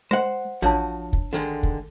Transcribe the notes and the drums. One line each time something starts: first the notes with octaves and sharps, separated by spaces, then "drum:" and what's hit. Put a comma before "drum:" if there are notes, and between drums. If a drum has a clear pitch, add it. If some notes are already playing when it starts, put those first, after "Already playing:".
G#3 C5 F#5
A1 F3 D4 F#4 C#5 A5
drum: kick
D3 D#3 G#3
drum: kick